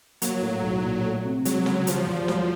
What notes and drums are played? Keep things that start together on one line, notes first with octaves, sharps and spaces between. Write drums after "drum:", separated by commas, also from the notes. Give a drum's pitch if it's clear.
F#3 A#3, drum: hi-hat
A2
B1
A#2
A3
C3
F#3 G#3, drum: hi-hat
C#3, drum: snare
F3 G3, drum: hi-hat
E2
F#3, drum: snare